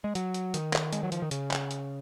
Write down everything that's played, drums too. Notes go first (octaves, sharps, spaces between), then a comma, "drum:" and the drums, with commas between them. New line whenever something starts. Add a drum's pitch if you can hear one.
G#3
F#3, drum: hi-hat
drum: hi-hat
D#3, drum: hi-hat
drum: clap
G#3, drum: hi-hat
F#3
F3, drum: hi-hat
D#3
C#3, drum: hi-hat
drum: clap
drum: hi-hat